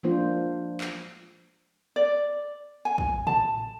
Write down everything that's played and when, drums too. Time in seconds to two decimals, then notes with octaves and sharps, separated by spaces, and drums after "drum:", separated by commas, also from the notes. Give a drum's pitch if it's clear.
0.03 F3 G#3 A#3 D4 F4 C5
0.81 drum: clap
1.96 D5
2.85 G#5
2.98 drum: kick
3.27 A5, drum: tom